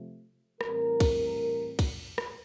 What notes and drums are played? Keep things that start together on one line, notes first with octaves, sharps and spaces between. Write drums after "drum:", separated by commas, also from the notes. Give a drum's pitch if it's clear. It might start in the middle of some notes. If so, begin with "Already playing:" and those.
Already playing: C3 F3 A3
A2 E3 G3 C4 A#4, drum: rim click
drum: kick, cymbal
drum: kick, cymbal
drum: rim click